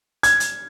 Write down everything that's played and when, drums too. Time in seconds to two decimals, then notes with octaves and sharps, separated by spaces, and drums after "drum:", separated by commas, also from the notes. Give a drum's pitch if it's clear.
0.23 G#6, drum: hi-hat
0.40 drum: hi-hat